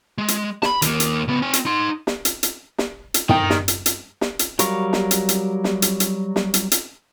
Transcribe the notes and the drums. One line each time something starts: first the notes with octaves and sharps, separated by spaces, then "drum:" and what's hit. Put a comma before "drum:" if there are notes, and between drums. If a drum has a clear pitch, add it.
G#3
drum: hi-hat
A5 B5, drum: snare
D#2 A#3, drum: hi-hat
drum: hi-hat
C#2 B3
C4 G#5
drum: hi-hat
D#4 C6
drum: snare
drum: hi-hat
drum: hi-hat
drum: snare
drum: hi-hat
D#3 D#5 G5, drum: tom
drum: snare
drum: hi-hat
drum: hi-hat
drum: snare
drum: hi-hat
F#3 G3 A#4 F5 C#6, drum: hi-hat
drum: snare
drum: hi-hat
drum: hi-hat
drum: snare
drum: hi-hat
drum: hi-hat
drum: snare
drum: hi-hat
drum: hi-hat